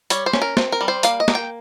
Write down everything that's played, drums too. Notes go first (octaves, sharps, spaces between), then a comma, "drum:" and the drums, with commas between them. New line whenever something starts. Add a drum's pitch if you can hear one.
G3 C#5, drum: hi-hat
C5
C#4, drum: snare
A#4
C4, drum: snare
A#4
G3
C5
A#3 F5, drum: hi-hat
D#5
A#3, drum: snare
G5